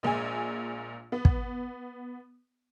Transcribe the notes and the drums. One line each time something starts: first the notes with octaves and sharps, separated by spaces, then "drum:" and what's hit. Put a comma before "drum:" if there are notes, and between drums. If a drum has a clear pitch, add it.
A#1 A#2 G#3 G#5
B3
drum: kick